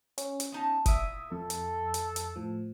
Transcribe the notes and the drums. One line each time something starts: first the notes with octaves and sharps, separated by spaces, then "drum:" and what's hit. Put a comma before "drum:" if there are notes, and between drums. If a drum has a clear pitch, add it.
C#4, drum: hi-hat
drum: hi-hat
B3 D#4 A5
A#2 E4 E5 D#6, drum: kick, hi-hat
F2 A4
drum: hi-hat
drum: hi-hat
drum: hi-hat
A2 F3